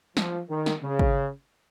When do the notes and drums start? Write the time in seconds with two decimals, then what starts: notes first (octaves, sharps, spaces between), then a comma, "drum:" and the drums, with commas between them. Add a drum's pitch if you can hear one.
0.17 F3, drum: snare
0.50 D#3
0.66 drum: snare
0.83 C#3
0.99 drum: kick